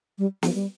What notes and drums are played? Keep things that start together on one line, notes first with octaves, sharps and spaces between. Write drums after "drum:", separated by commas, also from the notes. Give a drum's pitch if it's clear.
G3
F3, drum: snare
G3